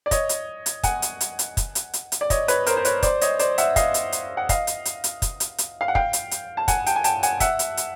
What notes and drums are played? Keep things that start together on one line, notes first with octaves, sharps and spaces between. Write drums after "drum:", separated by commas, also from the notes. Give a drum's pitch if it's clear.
D5
C#5 D#5, drum: kick, hi-hat
drum: hi-hat
drum: hi-hat
F#5 G#5, drum: kick, hi-hat
drum: hi-hat
drum: hi-hat
drum: hi-hat
drum: kick, hi-hat
drum: hi-hat
drum: hi-hat
drum: hi-hat
D5
C#5 D#5, drum: kick, hi-hat
B4 C#5, drum: hi-hat
A#4 C5, drum: hi-hat
C5
B4 C#5, drum: hi-hat
C5 D5, drum: kick, hi-hat
C#5 D#5, drum: hi-hat
C5 D5, drum: hi-hat
E5 F#5, drum: hi-hat
D#5 F5, drum: kick, hi-hat
drum: hi-hat
drum: hi-hat
F#5
D#5 F5, drum: kick, hi-hat
drum: hi-hat
drum: hi-hat
drum: hi-hat
drum: kick, hi-hat
drum: hi-hat
drum: hi-hat
F5
F#5
F5 G5, drum: kick
drum: hi-hat
drum: hi-hat
A5
F#5 G#5, drum: kick, hi-hat
G5 A5, drum: hi-hat
G#5
G5 A5, drum: hi-hat
F#5 G#5, drum: hi-hat
E5 F#5, drum: kick, hi-hat
drum: hi-hat
drum: hi-hat